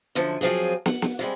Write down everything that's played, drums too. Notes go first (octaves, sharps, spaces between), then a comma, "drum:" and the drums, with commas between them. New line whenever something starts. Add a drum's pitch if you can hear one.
F#2 D3 F3
F3 F#3 C4 G#4
F#5, drum: snare
drum: snare
C3 G3 G#3